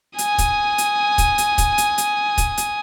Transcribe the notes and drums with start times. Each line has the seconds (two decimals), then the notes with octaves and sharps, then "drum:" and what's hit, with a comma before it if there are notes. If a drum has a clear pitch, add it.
0.18 G#5 D#6, drum: hi-hat
0.38 drum: kick, hi-hat
0.78 drum: hi-hat
1.18 drum: kick, hi-hat
1.38 drum: hi-hat
1.58 drum: kick, hi-hat
1.78 drum: hi-hat
1.98 drum: hi-hat
2.38 drum: kick, hi-hat
2.58 drum: hi-hat